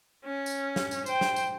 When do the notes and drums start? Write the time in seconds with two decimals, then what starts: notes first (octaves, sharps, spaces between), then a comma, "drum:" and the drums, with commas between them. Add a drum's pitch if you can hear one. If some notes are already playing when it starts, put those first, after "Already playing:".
0.25 C#4
0.46 drum: tambourine
0.76 drum: snare
0.91 drum: tambourine
1.06 C5 G5, drum: tambourine
1.21 drum: snare
1.36 drum: tambourine